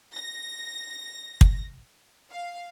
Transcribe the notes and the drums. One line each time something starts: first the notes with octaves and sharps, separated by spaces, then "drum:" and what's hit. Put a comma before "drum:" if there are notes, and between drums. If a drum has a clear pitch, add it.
A#6
drum: kick
F5